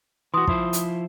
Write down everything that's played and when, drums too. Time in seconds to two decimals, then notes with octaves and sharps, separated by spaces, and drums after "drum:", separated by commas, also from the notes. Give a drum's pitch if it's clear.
0.34 E3 F#4 C6 D#6
0.47 F3 E4 C5, drum: kick
0.73 drum: hi-hat